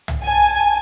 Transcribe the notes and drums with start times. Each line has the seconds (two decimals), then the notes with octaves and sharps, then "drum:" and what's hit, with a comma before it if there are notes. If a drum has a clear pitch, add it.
0.08 drum: tom C2
0.24 G#5 A5